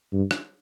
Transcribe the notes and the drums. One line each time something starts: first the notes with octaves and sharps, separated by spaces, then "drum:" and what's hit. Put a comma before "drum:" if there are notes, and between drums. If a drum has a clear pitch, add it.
G2
drum: rim click